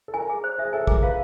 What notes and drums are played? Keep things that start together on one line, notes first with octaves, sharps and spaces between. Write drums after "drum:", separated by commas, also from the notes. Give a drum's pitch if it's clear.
A4
A#4 G#5
G#4
C5
G#4 E5
A4 G#5
G#4 A#4, drum: kick
B4 F5